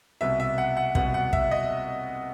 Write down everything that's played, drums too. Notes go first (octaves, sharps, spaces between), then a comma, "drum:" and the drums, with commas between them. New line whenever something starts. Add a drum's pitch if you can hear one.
C2 B2 E5
E5
F#5
F#5
C2 B2 F#5, drum: kick
F#5
E5, drum: kick
D#5